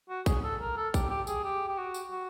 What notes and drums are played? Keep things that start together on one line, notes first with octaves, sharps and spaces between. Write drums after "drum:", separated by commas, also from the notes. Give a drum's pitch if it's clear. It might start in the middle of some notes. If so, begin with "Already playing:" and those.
F#4
G#4, drum: kick A#1, tambourine
A4
A#4
A4
G4, drum: kick A#1, tambourine
G4
G#4, drum: tambourine
G4
G4
F#4
drum: tambourine
F#4